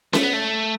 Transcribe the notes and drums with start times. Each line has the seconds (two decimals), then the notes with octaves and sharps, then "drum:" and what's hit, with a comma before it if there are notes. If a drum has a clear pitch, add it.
0.13 A3, drum: snare C#4
0.23 B3
0.33 A3